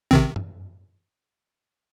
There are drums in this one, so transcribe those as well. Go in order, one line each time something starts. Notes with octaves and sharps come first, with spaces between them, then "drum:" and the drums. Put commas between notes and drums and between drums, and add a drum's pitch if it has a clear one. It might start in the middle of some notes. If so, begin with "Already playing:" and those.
C3 D#3 C4, drum: kick
drum: tom